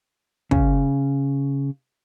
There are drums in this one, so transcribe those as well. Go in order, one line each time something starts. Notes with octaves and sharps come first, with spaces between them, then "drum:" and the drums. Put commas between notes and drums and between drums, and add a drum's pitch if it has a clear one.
C#3, drum: kick